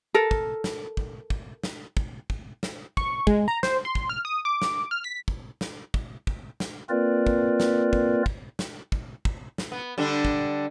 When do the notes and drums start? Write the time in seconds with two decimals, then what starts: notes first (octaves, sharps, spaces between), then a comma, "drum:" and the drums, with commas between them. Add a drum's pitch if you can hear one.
0.14 A4 A#4
0.31 drum: kick
0.64 drum: snare
0.97 drum: kick
1.30 drum: kick
1.64 drum: snare
1.97 drum: kick
2.30 drum: kick
2.63 drum: snare
2.97 C#6, drum: kick
3.27 G#3, drum: kick
3.48 A#5
3.63 C5, drum: snare
3.85 C6
3.95 drum: kick
4.09 F6
4.25 D#6
4.45 D6
4.62 drum: snare
4.91 F6
5.04 B6
5.28 drum: kick
5.61 drum: snare
5.94 drum: kick
6.27 drum: kick
6.60 drum: snare
6.90 A#3 C4 F4 A#4 B4 D5
7.27 drum: kick
7.60 drum: snare
7.93 drum: kick
8.26 drum: kick
8.59 drum: snare
8.92 drum: kick
9.25 drum: kick
9.58 drum: snare
9.72 B3
9.98 D3 G3 D4
10.25 drum: kick